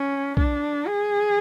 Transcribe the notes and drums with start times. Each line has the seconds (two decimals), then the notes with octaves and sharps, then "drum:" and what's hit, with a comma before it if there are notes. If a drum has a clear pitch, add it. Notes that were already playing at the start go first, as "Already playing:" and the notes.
Already playing: C#4
0.37 D4, drum: kick
0.88 G#4